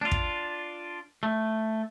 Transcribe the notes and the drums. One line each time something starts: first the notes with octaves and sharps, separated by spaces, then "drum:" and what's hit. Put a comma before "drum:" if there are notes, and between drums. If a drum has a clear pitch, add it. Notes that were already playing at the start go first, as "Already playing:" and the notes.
D4 F4
drum: kick
A3